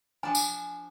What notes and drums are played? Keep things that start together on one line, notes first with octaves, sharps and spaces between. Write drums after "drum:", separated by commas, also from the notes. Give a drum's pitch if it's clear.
F3 D4 G#5
drum: tambourine